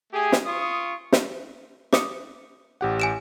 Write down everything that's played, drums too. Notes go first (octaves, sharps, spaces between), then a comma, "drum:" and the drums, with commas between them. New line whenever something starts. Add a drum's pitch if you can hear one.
A3 G4 G#4
drum: snare
F4 C#6 D#6
drum: snare
D6 D#6 C#7, drum: snare
A1 G4 F#5
G#5 D7 E7